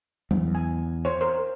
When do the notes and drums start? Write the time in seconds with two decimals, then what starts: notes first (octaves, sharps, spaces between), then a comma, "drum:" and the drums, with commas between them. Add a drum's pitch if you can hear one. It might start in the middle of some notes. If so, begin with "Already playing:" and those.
0.31 E2, drum: tom F#3
0.55 G#5
1.05 C5 C#5
1.21 A#4 C5